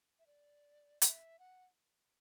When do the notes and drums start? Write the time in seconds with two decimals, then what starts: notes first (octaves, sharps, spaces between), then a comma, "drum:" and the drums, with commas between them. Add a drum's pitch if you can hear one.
0.19 E5
0.27 D5
1.02 E5, drum: hi-hat
1.39 F#5